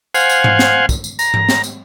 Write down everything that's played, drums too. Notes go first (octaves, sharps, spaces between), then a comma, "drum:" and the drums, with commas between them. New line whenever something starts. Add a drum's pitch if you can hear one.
C5 F5 F#5 G#5, drum: tambourine
drum: tambourine
drum: tom G#2
drum: snare
drum: kick, tambourine
drum: tambourine
A#5, drum: tambourine
drum: tom G#2
drum: snare
drum: tambourine